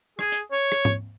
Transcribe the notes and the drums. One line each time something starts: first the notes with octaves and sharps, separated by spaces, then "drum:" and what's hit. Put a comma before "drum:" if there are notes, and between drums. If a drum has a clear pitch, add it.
G#4, drum: rim click
drum: hi-hat
C#5
drum: rim click
drum: tom G#2